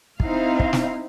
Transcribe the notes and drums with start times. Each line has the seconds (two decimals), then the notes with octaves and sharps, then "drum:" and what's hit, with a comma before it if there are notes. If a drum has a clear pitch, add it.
0.20 C4 D#4 E4 F5, drum: kick
0.59 drum: kick
0.73 drum: snare